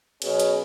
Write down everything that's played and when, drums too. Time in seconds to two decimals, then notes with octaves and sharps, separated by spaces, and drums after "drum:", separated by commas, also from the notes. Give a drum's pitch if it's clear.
0.22 B2 F#3 C#4 G#4, drum: cymbal
0.40 drum: hi-hat